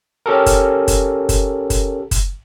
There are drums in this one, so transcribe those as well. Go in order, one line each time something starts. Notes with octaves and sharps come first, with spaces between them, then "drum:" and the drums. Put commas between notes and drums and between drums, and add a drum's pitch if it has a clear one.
C#4 G4 A4 A#4
drum: kick F#1, hi-hat
drum: kick F#1, hi-hat
drum: kick F#1, hi-hat
drum: kick F#1, hi-hat
drum: kick F#1, hi-hat